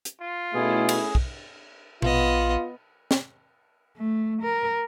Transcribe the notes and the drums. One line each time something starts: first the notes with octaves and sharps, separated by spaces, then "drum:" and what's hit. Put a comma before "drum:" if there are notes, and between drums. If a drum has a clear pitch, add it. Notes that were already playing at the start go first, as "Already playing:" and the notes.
drum: hi-hat
F4
B2 A3 C#4 E4 G#4
drum: cymbal
drum: kick
A#1 B3 F4 D#5, drum: tom B2
drum: snare
A3
A#4